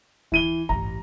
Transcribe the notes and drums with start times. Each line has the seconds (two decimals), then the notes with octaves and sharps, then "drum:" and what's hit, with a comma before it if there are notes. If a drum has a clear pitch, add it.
0.32 E3 D#7 G7, drum: kick D2
0.69 A1 G2 A#5, drum: kick D2